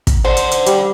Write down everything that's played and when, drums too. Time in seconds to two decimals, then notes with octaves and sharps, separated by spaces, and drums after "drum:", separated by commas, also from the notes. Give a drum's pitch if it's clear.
0.07 drum: kick, hi-hat
0.25 C5 D5 F#5
0.37 drum: hi-hat
0.51 drum: hi-hat
0.66 G3, drum: hi-hat